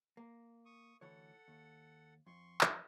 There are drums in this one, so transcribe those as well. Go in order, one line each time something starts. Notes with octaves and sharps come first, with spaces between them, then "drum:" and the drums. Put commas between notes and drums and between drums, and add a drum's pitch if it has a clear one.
A#3
C#6 D#6
D2 E3 A4 C#5 F#5
D#2
F2 C6 C#6
drum: clap